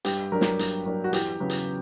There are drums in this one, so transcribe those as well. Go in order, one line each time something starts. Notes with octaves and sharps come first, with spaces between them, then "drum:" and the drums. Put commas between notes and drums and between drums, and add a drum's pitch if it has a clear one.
G2 G4, drum: hi-hat
F#3 A#3 D4 A#4
drum: snare
G2, drum: hi-hat
F#3 A#3 D4
F#4
E2 G4, drum: hi-hat
C#3 F#3 B3
drum: hi-hat